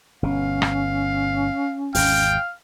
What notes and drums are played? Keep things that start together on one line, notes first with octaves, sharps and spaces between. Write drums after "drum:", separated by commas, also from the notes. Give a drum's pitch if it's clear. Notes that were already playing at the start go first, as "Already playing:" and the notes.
G1 B2 C#4 F5
drum: rim click
G#1 E2 F5 G5, drum: open hi-hat